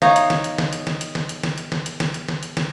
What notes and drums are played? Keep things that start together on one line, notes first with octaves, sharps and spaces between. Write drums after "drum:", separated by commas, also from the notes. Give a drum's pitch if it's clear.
D#4 C#5 F5 A#5, drum: snare
drum: hi-hat
drum: snare
drum: hi-hat
drum: snare
drum: hi-hat
drum: snare
drum: hi-hat
drum: snare
drum: hi-hat
drum: snare
drum: hi-hat
drum: snare
drum: hi-hat
drum: snare
drum: hi-hat
drum: snare
drum: hi-hat
drum: snare